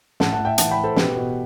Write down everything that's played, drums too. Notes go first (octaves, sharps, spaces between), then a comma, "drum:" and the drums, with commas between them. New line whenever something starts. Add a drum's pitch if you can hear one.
A2 F#5 A5, drum: snare
F#5 A5
A2
E5 G5
E3 F#5 A5, drum: hi-hat
G5 B5
E3
A4 C5
B2 G4 B4, drum: snare
B2